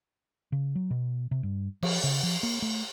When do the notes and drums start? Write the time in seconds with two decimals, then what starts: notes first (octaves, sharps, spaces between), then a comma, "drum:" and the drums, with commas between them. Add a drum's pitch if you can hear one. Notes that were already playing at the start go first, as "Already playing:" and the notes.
0.52 C#3
0.75 F#3
0.90 B2
1.31 C3
1.43 G2
1.83 F3, drum: cymbal
2.03 C#3
2.23 F3
2.43 A#3
2.62 A3